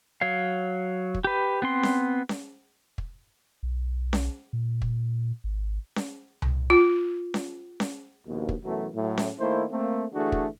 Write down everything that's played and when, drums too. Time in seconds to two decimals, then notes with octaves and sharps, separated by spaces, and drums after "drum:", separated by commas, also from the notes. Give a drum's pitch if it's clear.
0.21 F#3 C#5 F5
1.14 drum: kick
1.24 G4 B4
1.62 B3 C4 C6
1.83 drum: snare C#4
2.29 drum: snare C#4
2.98 drum: kick
3.63 B1
4.13 drum: snare C#4
4.53 A#2
4.82 drum: kick
5.44 G#1
5.96 drum: snare C#4
6.42 drum: tom C2
6.70 F4
7.34 drum: snare C#4
7.80 drum: snare C#4
8.27 A#1 D#2 B2
8.49 drum: kick
8.64 F#2 B2 E3 F#3 A3
8.95 A2 F#3
9.18 drum: snare C#4
9.39 D#3 A3 A#3 E4 C5
9.71 A3 A#3 C4
10.14 D3 E3 A3 D4 F#4 G#4
10.32 drum: kick